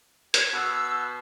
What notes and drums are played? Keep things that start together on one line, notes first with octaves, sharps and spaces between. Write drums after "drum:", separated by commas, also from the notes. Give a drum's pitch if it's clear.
G#6, drum: hi-hat
B2 E6